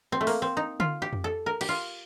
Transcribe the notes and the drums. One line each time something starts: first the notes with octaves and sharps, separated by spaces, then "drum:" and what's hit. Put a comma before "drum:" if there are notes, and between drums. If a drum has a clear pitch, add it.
C4
A3
A#3, drum: open hi-hat
C4
D#4
F4, drum: tom D3
G4
drum: tom F2
A4
A#4
G4, drum: cymbal
F4